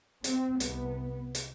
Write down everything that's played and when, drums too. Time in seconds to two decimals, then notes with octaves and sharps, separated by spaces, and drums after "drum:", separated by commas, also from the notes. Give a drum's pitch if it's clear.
0.24 C4, drum: hi-hat
0.60 C2 C3 B3, drum: hi-hat
1.35 drum: hi-hat